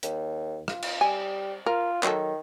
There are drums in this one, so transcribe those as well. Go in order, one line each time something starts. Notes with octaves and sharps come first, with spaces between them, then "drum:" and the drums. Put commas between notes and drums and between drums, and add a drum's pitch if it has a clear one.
D#2, drum: hi-hat
F4, drum: rim click
drum: cymbal
G3 G#5
F4 A#4
D#3 F#3 A4, drum: clap